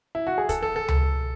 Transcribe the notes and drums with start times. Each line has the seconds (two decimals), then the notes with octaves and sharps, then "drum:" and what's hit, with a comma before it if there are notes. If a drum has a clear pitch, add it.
0.15 E4
0.27 F#4
0.38 G#4
0.49 A4, drum: kick, hi-hat
0.62 A4
0.76 A4
0.88 drum: tom C#2